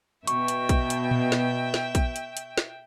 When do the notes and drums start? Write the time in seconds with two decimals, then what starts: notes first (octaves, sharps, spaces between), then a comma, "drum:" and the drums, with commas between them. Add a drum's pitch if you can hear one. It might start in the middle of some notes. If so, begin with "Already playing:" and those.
0.27 B2 E5 G5 C#6, drum: hi-hat
0.48 drum: hi-hat
0.69 drum: kick A#1, hi-hat
0.90 drum: hi-hat
1.11 drum: tom A#2
1.32 drum: snare
1.74 drum: snare
1.95 drum: kick A#1, hi-hat
2.16 drum: hi-hat
2.37 drum: hi-hat
2.58 drum: snare